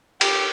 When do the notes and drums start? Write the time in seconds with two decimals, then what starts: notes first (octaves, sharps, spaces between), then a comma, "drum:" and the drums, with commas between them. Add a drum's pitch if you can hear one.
0.21 G4, drum: cymbal